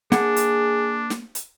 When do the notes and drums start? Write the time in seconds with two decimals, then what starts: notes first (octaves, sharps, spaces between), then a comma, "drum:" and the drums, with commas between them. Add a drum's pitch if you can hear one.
0.12 A#3 D4 G#4 F#5, drum: snare
0.36 drum: hi-hat
1.10 drum: snare
1.35 drum: hi-hat